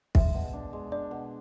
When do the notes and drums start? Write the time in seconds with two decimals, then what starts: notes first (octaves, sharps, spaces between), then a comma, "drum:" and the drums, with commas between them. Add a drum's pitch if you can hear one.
0.15 G#3 E5, drum: kick
0.34 B2
0.53 D4
0.73 G#3
0.92 D4 D5
1.11 B2